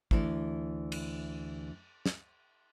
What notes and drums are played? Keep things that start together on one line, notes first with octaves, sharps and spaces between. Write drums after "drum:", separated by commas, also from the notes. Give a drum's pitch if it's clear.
D2 E3 D5, drum: kick
drum: cymbal
drum: snare